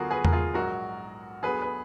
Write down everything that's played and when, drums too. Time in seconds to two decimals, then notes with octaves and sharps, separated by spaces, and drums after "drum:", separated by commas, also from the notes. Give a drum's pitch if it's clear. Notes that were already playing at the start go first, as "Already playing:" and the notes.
Already playing: D2 D3 F#3 B3 F4 F#4 G#4 A#4
0.11 G#4 B4
0.25 A#4, drum: tom E2
0.33 F4 G#4
0.54 A#1 G#2 F#3 F#4 A#4
1.43 D2 D3 F#3 B3 G#4 B4
1.62 B4